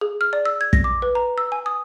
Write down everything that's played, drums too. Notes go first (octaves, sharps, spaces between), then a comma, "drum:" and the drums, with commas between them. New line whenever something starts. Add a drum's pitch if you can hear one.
G#4
F6
D5
E6
G#6
A#6, drum: kick
D6
B4
A#5
E6
G#5
D#6